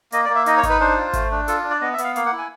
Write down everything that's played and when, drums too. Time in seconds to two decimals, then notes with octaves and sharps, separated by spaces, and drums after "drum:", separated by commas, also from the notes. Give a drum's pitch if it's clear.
0.12 A#3 D#5, drum: hi-hat
0.25 D5
0.29 A#3
0.35 E5
0.46 D#4 D#5, drum: hi-hat
0.57 C#5
0.63 D#4, drum: kick G#1, hi-hat
0.70 B4
0.80 D4 C5
0.97 F4
1.13 A3, drum: kick G#1, hi-hat
1.31 D4
1.48 F4 A4, drum: hi-hat
1.64 D4
1.70 D5
1.81 B3 D#5
1.93 E5
1.98 B3, drum: hi-hat
2.04 F5
2.16 A#3 F5, drum: hi-hat
2.26 F#5
2.32 E4
2.38 G#5